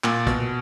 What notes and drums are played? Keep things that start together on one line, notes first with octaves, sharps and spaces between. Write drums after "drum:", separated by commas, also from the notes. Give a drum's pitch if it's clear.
A#2, drum: clap
B2, drum: kick, hi-hat